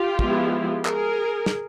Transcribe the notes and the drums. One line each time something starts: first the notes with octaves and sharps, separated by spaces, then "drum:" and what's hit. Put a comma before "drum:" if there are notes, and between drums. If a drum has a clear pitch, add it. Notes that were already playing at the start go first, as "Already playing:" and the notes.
Already playing: F4 G4
F3 G#3 B3 E4, drum: kick
G#4 A#4, drum: clap
drum: snare